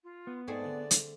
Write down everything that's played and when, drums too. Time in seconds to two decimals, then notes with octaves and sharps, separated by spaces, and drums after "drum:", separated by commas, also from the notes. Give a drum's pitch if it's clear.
0.03 F4
0.27 B3
0.48 G#2 A3 C4 G#4 D5
0.64 D3
0.91 drum: hi-hat